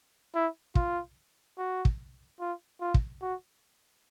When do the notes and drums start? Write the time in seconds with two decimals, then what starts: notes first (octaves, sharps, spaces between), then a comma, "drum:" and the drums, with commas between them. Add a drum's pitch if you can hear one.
0.35 E4
0.75 F4, drum: kick
1.58 F#4
1.85 drum: kick
2.40 F4
2.81 F4
2.94 drum: kick
3.22 F#4